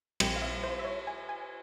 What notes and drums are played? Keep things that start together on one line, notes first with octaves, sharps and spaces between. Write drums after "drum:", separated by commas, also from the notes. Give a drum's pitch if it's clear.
A#1 A#2 G3 C4 G5, drum: cymbal
F5
E5
C5
E5
C#5
G#5
G#5